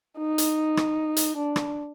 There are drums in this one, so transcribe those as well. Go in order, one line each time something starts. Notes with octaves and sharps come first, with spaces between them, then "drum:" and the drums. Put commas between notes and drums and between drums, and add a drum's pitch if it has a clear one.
D#4
drum: hi-hat
drum: rim click
drum: hi-hat
D4
drum: rim click